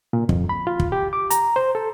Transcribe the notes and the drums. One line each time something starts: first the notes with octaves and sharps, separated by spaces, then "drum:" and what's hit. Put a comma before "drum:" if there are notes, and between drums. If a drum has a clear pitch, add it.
A#2
F2, drum: kick
B5
F4
drum: kick
G4
D6
A#5, drum: hi-hat
C5
A4